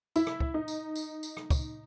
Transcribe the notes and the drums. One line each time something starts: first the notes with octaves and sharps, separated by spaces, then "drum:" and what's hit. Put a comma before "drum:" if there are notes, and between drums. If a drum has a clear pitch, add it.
E4, drum: tambourine
drum: rim click
drum: kick
D#4
drum: tambourine
drum: tambourine
drum: tambourine
drum: rim click
drum: kick, tambourine